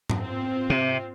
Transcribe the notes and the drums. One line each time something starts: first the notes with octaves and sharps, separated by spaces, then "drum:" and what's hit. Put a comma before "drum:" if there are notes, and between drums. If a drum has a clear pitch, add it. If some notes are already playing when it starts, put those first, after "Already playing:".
drum: tom G#2
C4 F4
C3